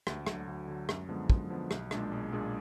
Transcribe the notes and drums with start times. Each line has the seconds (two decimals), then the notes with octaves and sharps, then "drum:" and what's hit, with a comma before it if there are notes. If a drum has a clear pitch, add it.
0.07 D2, drum: rim click
0.27 D3 F#3, drum: rim click
0.48 D2
0.68 D3 F#3
0.89 F#2, drum: rim click
1.09 D3 F3 G#3 B3
1.30 F#2, drum: kick
1.50 D3 F3 G#3 B3
1.71 B1, drum: rim click
1.91 A#2 G#3 D4 G#4, drum: rim click
2.12 B1
2.32 A#2 G#3 D4 G#4